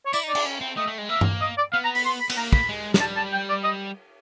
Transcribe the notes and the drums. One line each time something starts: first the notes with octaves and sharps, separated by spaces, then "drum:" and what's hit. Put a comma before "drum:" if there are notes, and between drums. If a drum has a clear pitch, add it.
C#5
E4 D5, drum: tambourine
D#4
D5
D4, drum: cymbal
C#4
C4
A3 D#5
A3
G#3
A#3 E5
drum: tom G2
D#5
D5
B3 F5
A#5
B5, drum: open hi-hat
C6
B5
B3, drum: cymbal
A#3 A#5
B5, drum: kick
G#3
G#3, drum: snare
G3 A5
A5
G5
D5
D#5